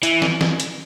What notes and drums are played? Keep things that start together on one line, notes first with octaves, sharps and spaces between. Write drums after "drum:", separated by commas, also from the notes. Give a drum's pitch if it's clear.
E3, drum: hi-hat
drum: snare
drum: snare
drum: hi-hat